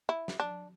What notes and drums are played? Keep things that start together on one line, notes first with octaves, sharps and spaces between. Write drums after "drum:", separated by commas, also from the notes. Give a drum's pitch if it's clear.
E4
drum: snare
D4